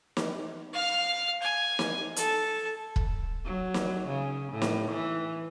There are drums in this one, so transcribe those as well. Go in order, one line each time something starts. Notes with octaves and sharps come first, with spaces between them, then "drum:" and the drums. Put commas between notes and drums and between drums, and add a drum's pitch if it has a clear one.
drum: snare
F5 F6
G#5
drum: snare
A4, drum: hi-hat
drum: kick
F#3
drum: snare
C#3
A2
drum: snare
E3